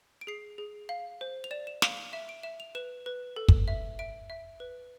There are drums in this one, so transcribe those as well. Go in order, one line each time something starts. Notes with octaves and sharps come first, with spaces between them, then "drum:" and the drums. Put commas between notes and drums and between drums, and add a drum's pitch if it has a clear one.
D7
G#4 C7
G#4
F5
C5
F7
D5 E7
E7
F5 D7, drum: snare
F7
E5 E7
D7
E5 E7
F7
B4 E7
B4
A4
drum: kick
E5
E5 D7
E5
B4